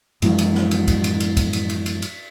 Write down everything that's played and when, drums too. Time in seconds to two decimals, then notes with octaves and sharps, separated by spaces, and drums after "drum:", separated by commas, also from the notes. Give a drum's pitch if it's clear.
0.22 F#2 E3 F3 G#3, drum: cymbal
0.38 drum: cymbal
0.55 drum: snare
0.71 drum: cymbal
0.88 drum: kick, cymbal
1.04 drum: cymbal
1.20 drum: cymbal
1.37 drum: kick, cymbal
1.53 drum: cymbal
1.69 drum: cymbal
1.86 drum: cymbal
2.02 drum: cymbal